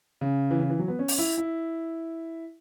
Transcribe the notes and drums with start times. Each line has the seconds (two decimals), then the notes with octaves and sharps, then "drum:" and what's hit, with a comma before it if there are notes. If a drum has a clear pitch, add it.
0.21 C#3
0.51 E3
0.60 C#3
0.70 E3
0.79 F#3
0.88 B3
0.99 C#4
1.08 drum: open hi-hat
1.18 E4
1.38 E4